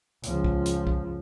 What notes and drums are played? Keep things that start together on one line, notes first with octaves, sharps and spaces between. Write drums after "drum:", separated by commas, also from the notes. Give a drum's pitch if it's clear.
C#2 F3, drum: hi-hat
drum: kick B1
drum: hi-hat
drum: kick B1